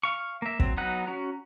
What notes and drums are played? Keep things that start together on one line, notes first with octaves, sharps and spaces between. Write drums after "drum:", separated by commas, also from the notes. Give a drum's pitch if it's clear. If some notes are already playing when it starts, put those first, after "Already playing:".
F5 C#6
A#3 E5
F#3 C4, drum: kick
F#3 B3 D#4 F#5 F#6
C#4 F#4 A#5